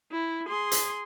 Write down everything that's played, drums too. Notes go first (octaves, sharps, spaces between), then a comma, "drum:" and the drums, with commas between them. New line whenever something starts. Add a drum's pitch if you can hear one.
E4
G#4 C6
drum: hi-hat